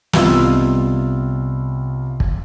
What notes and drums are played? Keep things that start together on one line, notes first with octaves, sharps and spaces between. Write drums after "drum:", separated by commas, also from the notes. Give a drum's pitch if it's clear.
C2 C3 B3 F4 D#5 E6, drum: snare
drum: kick